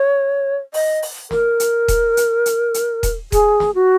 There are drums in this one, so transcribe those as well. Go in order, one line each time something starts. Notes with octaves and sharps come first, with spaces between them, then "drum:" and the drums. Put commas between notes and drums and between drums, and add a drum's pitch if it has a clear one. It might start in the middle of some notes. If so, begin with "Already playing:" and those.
Already playing: C#5
D#5, drum: open hi-hat
drum: open hi-hat
A#4, drum: snare
drum: hi-hat
drum: kick D#1, hi-hat
drum: hi-hat
drum: hi-hat
drum: hi-hat
drum: kick D#1, hi-hat
G#4, drum: kick D#1, hi-hat
drum: snare
F#4